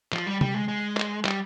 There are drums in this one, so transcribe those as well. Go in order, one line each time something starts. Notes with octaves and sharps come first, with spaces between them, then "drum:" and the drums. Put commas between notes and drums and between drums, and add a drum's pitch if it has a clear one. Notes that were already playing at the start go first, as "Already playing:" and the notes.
F3, drum: clap
G3
G3, drum: tom C3
G#3
G#3
drum: clap
G3, drum: clap